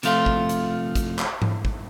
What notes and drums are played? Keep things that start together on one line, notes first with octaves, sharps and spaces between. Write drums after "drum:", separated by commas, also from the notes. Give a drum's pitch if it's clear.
C3 F3 A3 F4, drum: hi-hat
drum: kick
drum: hi-hat
drum: kick, hi-hat
drum: clap
drum: tom G#2
drum: kick